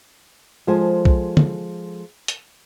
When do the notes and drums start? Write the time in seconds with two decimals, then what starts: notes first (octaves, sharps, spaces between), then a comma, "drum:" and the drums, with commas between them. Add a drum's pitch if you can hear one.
0.67 F3 G#3 A4 C5 G#5
1.05 drum: kick B1
1.37 drum: tom
2.28 drum: hi-hat